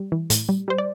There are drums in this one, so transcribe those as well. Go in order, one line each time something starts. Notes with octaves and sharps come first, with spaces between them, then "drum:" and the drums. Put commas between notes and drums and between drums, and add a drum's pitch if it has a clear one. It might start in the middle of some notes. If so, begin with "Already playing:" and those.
Already playing: G3
E3
A2, drum: hi-hat
G3
G3 C5
D5